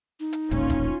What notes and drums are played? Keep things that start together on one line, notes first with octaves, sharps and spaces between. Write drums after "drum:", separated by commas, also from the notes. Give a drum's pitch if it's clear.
D#4
drum: hi-hat
E1 A#1 A#2 C#4 F4, drum: hi-hat
drum: kick, hi-hat